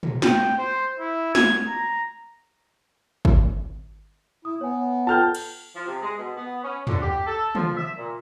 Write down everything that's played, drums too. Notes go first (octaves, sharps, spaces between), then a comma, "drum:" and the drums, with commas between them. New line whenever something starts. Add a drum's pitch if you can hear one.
drum: tom
G5, drum: snare
C5
E4
G#6, drum: snare
A#5
drum: kick
E4 D#6
B3 C#5 G#5
F4 A4 G5 A5 F6 G6
drum: cymbal
F3
C3
G#3
B2
B3
C#4
D3, drum: tom
G4
A4
F3, drum: tom
E5
A#2